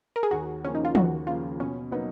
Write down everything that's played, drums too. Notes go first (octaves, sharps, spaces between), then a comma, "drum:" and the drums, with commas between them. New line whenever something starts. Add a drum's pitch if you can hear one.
A#4
G#4
D#2 F#4
C#3 F3 A#3 C#4
D#4
F4
D#2 F#4, drum: tom
C#3 F3 A#3 F4
B2 C#4
F#3 A#3 B3 D#4